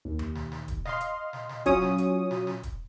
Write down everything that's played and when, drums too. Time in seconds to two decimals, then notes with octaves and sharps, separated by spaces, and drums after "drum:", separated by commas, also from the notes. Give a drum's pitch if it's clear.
0.05 D#2
0.19 drum: tom D#2
0.35 drum: snare
0.52 drum: snare
0.68 drum: kick, hi-hat
0.85 D#5 F5 C6, drum: snare
1.01 drum: hi-hat
1.33 drum: snare
1.49 drum: snare
1.66 F#3 C#4 F4 C#5 D#6, drum: kick, hi-hat
1.82 drum: snare
1.98 drum: hi-hat
2.31 drum: snare
2.47 drum: snare
2.63 drum: kick, hi-hat